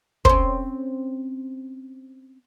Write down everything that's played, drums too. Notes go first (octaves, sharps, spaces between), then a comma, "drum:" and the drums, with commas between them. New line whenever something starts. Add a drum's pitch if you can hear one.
C4 C#4 C5, drum: kick